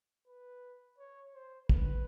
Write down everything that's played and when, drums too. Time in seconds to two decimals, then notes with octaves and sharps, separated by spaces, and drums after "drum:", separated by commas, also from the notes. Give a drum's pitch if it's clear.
0.27 B4
0.98 C#5
1.34 C5
1.69 B4, drum: kick